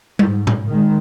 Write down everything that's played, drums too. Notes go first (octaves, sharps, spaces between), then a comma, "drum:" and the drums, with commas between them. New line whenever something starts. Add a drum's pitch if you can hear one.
G#2, drum: tom G3
drum: tom A2
D#3 G#3